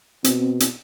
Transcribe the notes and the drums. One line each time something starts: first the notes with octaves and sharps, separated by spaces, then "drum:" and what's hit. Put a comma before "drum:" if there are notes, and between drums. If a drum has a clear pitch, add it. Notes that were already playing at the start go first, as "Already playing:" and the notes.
B2 C4, drum: hi-hat
drum: hi-hat